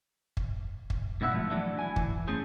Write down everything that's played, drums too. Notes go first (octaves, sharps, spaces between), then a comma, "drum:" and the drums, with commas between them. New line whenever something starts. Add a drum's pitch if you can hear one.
drum: kick
drum: kick
G#2 B2 E4 E5 F#5
F3 A3
E3 F#3 A3 D4
E4 G#5
E3, drum: kick
A3 C4 C#4 G#4 C5